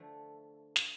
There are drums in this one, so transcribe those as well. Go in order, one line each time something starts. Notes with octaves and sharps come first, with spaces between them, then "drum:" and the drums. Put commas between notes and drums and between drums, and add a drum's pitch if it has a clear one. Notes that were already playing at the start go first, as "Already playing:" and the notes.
Already playing: D3 F3 A3
drum: snare